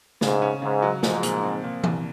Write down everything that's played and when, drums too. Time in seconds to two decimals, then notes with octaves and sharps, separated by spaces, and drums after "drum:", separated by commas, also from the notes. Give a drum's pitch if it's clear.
0.21 G#2 C#3, drum: snare
0.42 C#4
0.62 G#2 C#3
0.82 F#3
1.03 G#2 F3, drum: snare
1.23 A#2, drum: hi-hat
1.43 C4
1.64 A#2
1.84 C2, drum: tom E3